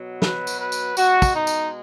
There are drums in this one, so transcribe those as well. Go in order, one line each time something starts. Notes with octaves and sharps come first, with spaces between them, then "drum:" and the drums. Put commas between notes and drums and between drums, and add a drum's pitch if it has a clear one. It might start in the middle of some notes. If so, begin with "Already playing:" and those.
Already playing: B2 F#3
B4, drum: snare
drum: tambourine
B4
drum: tambourine
B2 G#3 F#4, drum: tambourine
drum: kick, tambourine
D#4
drum: tambourine